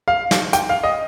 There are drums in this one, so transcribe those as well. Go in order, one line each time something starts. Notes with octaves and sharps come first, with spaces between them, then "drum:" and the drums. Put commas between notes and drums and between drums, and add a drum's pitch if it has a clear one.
F5
drum: snare
G5, drum: hi-hat
F5
D#5